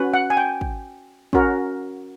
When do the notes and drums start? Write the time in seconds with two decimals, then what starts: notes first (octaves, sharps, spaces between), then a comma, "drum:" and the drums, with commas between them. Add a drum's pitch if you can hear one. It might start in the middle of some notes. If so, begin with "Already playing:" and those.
Already playing: C#4 F#4 B4
0.14 F#5
0.30 G#5
0.37 G5
0.61 drum: kick
1.33 C#4 F#4 A#4, drum: kick